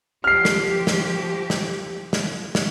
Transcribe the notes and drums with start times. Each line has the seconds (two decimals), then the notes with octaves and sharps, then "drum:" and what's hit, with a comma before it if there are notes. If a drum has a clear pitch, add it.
0.24 F3 G4 F6 C7
0.45 drum: snare
0.87 drum: snare
1.50 drum: snare
2.13 drum: snare
2.55 drum: snare